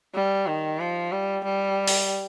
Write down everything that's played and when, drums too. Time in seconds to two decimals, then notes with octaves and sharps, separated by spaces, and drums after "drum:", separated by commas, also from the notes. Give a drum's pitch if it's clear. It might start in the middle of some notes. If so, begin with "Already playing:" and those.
0.14 G3
0.47 D#3
0.80 F3
1.12 G3
1.45 G3
1.87 drum: open hi-hat